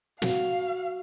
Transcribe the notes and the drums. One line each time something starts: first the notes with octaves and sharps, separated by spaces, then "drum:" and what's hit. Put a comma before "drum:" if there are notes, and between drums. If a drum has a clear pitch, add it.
F#4 F5, drum: snare